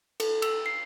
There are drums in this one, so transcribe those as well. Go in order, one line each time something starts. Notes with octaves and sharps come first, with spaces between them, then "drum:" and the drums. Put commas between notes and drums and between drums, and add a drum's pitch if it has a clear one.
A4, drum: cymbal
E6, drum: cymbal
C7